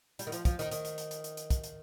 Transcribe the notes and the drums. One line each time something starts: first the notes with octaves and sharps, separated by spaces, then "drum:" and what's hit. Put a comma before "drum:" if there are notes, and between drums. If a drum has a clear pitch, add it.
G3, drum: hi-hat
D#3
F3, drum: hi-hat
F3, drum: kick, hi-hat
D#3, drum: hi-hat
D#3, drum: hi-hat
drum: hi-hat
drum: hi-hat
drum: hi-hat
drum: hi-hat
drum: hi-hat
drum: kick, hi-hat
drum: hi-hat